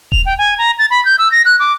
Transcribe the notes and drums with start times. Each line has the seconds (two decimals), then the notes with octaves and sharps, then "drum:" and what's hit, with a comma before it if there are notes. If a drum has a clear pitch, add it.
0.12 F7, drum: kick D#1
0.26 G5
0.38 G#5
0.58 A#5
0.79 A6
0.91 B5
1.05 G6
1.19 E6
1.32 A#6
1.45 F#6
1.60 D6